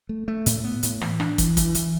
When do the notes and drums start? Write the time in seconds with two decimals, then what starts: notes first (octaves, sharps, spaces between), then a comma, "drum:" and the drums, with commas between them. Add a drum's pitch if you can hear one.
0.09 A3
0.28 A3
0.46 A2, drum: hi-hat
0.64 B3
0.83 A2, drum: hi-hat
1.01 E3, drum: rim click
1.20 D4, drum: rim click
1.38 E3, drum: kick, hi-hat
1.57 E3, drum: kick, hi-hat
1.75 E3, drum: hi-hat